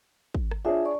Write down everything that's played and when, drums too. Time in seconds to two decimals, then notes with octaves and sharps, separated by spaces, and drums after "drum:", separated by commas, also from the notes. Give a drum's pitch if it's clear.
0.35 drum: kick
0.51 drum: rim click
0.65 D4 F4 G#4 C#5 E5
0.85 D5 C#6